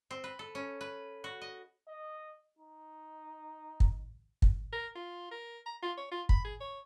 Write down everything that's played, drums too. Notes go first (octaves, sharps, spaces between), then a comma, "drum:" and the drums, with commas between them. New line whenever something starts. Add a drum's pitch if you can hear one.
C4
B4
A4
C#4
B4
F#4
D#5
D#5
D#4
drum: kick
drum: kick
A#4
F4
A#4
A#5
F4
C#5
F4
B5, drum: kick
G#4
C#5